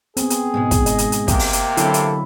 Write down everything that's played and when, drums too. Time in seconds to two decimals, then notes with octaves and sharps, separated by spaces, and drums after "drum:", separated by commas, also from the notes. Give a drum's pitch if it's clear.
0.17 B3 C4 G#4, drum: hi-hat
0.30 drum: hi-hat
0.54 G#2 B2 G#3
0.71 drum: kick, hi-hat
0.86 D#5, drum: hi-hat
0.98 drum: hi-hat
1.12 drum: hi-hat
1.28 C3 A#3 G4, drum: kick, hi-hat
1.39 drum: open hi-hat
1.53 drum: hi-hat
1.77 D3 F#3 C4 E4 A4, drum: hi-hat
1.94 drum: hi-hat